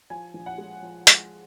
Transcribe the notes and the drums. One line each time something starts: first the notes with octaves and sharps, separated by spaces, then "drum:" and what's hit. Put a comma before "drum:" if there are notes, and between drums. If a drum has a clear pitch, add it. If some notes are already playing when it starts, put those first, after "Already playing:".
F3 G#5
A#1
F#5
G#3
F3
G#3, drum: hi-hat